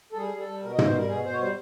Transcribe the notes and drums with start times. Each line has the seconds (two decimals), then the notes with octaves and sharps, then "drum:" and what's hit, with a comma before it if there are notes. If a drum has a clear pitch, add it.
0.12 A4
0.16 G3 G#4
0.33 G3
0.39 A4
0.48 G3
0.63 B2 A#4
0.74 D#5
0.78 B2, drum: tom
0.86 C5
0.94 G3 A#4
1.09 B2 G#4
1.25 B2 C5
1.33 C#5
1.40 G3 C5